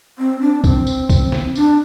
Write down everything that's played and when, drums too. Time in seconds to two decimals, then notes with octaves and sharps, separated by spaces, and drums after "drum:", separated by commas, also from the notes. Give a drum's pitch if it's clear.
0.19 C4
0.41 D4
0.64 C4, drum: kick, tambourine
0.87 drum: tambourine
1.10 drum: kick, tambourine
1.32 drum: snare
1.55 D4, drum: tambourine